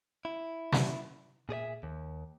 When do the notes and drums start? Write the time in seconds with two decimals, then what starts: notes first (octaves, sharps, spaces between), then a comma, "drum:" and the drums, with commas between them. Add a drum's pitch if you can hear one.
0.25 E4
0.72 drum: snare
1.49 A#2 G#4 D5 E5
1.83 D#2